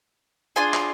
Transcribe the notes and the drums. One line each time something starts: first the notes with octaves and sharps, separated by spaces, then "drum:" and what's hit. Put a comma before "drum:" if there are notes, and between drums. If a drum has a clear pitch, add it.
D4 F4 G#4 G#5
drum: clap